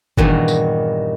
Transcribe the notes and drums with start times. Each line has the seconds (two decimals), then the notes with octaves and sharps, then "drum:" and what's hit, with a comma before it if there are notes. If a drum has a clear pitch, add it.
0.17 E2 G2 A#2 D#3 F#4, drum: kick F#1
0.48 drum: tambourine